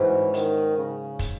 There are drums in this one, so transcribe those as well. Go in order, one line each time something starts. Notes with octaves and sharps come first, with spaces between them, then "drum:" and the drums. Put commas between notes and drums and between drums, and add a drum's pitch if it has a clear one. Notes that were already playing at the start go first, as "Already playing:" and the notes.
Already playing: G#2 E3 F#3 C#4
D#3, drum: hi-hat
C#3
drum: kick, hi-hat